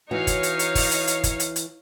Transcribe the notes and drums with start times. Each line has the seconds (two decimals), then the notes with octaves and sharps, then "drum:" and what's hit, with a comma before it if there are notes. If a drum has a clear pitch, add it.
0.11 E3 D#4 F#4 C#5 F5
0.27 drum: kick, hi-hat
0.43 drum: hi-hat
0.59 drum: hi-hat
0.75 drum: kick, open hi-hat
0.91 drum: hi-hat
1.07 drum: hi-hat
1.24 drum: kick, hi-hat
1.40 drum: hi-hat
1.56 drum: hi-hat